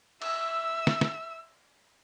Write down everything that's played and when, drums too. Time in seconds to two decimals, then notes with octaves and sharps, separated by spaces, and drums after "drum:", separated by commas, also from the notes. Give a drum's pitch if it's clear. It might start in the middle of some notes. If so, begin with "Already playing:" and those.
0.22 E5 E6, drum: cymbal
0.87 drum: snare
1.01 drum: snare